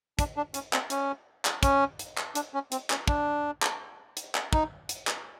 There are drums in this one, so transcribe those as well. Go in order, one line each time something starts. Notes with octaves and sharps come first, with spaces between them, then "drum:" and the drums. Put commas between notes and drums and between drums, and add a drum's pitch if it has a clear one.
D4, drum: kick, hi-hat
D4
C#4, drum: hi-hat
C4, drum: clap
C#4, drum: hi-hat
drum: clap
C#4, drum: kick, hi-hat
drum: hi-hat
drum: clap
D4, drum: hi-hat
C#4
C4, drum: hi-hat
C#4, drum: clap
D4, drum: kick
drum: clap
drum: hi-hat
drum: clap
D#4, drum: kick
drum: hi-hat
drum: clap